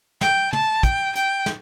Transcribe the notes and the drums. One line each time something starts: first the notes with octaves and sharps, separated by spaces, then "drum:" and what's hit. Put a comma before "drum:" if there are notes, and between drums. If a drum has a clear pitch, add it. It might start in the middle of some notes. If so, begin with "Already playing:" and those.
G5, drum: snare
A5, drum: tom
G5, drum: kick, hi-hat
G5, drum: hi-hat
drum: snare